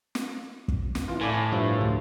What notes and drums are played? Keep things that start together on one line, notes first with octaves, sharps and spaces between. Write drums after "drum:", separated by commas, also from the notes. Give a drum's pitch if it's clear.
drum: snare
drum: kick
drum: snare
E3 F4
A2 C#5 D5 G#5
G#5
G2 F3 E5
D2